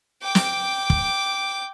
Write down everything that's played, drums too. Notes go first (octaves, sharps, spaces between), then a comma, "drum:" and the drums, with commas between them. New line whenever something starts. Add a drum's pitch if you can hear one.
G5 D6
drum: snare
drum: kick